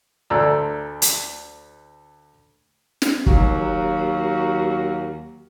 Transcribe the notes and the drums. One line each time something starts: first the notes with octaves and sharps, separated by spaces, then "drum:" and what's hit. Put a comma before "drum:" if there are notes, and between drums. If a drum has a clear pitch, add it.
D2 A3 D5 A#5 E6
drum: hi-hat
drum: snare
D#2 F#3 F#4, drum: kick